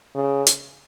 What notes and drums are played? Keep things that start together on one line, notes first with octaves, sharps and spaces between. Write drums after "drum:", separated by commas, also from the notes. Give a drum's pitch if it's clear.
C#3
drum: hi-hat